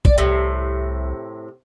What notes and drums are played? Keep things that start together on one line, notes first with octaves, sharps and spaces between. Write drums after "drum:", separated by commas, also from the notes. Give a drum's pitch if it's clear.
D5, drum: kick
C2 A2 C3